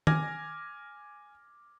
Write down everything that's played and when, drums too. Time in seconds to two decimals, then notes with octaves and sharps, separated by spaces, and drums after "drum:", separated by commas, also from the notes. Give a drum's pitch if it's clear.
0.07 G#5 D6 F6 G#6 A#6, drum: tom D#3